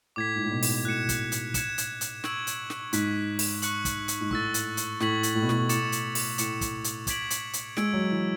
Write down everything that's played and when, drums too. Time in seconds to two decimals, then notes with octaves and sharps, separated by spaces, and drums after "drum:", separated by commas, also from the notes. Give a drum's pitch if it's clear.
0.16 A2 D6 G#6 B6
0.36 G#2
0.44 A2
0.51 B2
0.63 drum: open hi-hat
0.85 A2 F#6 C#7 E7
1.09 drum: kick, hi-hat
1.32 drum: hi-hat
1.54 G#6 C#7 E7, drum: kick, hi-hat
1.78 drum: hi-hat
2.01 drum: hi-hat
2.24 C#6 E6 G#6 D7 F#7, drum: snare
2.47 drum: hi-hat
2.70 drum: snare
2.93 G#2 C#6 F#6 B6, drum: hi-hat
3.39 drum: open hi-hat
3.62 C#6 F#6 C#7 F#7, drum: hi-hat
3.85 drum: kick, hi-hat
4.08 drum: hi-hat
4.21 G#2
4.31 A2 C#6 E6 A6, drum: kick
4.54 drum: hi-hat
4.77 drum: hi-hat
5.00 A2 C#6 G#6 B6 F#7, drum: snare
5.23 drum: hi-hat
5.35 A2
5.42 B2
5.49 A2, drum: snare
5.69 D6 A6 C#7 E7, drum: hi-hat
5.92 drum: hi-hat
6.15 drum: open hi-hat
6.38 A2 D6 A6 C#7 E7, drum: hi-hat
6.61 drum: kick, hi-hat
6.84 drum: hi-hat
7.07 D6 G#6 B6 D7 F#7, drum: kick, hi-hat
7.30 drum: hi-hat
7.53 drum: hi-hat
7.77 G#3 E6 G#6 D7, drum: snare
7.93 F#3
8.11 E3